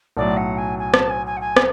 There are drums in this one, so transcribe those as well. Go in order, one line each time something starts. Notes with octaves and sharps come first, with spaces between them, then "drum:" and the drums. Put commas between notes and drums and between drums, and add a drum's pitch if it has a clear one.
B1 A2 F#3 D5
F#5
G#5
G#5
A5, drum: rim click
G#5
G#5
F#5
G#5
drum: rim click